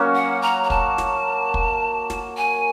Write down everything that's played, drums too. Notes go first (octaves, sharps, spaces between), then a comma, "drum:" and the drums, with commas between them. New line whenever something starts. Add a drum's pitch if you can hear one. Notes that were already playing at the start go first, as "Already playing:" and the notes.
Already playing: F#3 A#3 C#4 F#4
F#5
A#5
A#5
A5, drum: kick
drum: snare
drum: kick
drum: snare
G#5